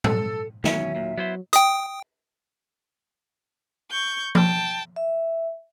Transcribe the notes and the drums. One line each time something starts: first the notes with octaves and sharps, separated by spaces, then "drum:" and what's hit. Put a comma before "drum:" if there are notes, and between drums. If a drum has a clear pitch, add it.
A4, drum: tom A2
E2 B2 D#3 F3 F#3 C#4 E5, drum: snare
D#2 A#2
F#3 B3 E4 C5
G5 D#6, drum: hi-hat
C#6 G6
G5 A5, drum: tom F3
E5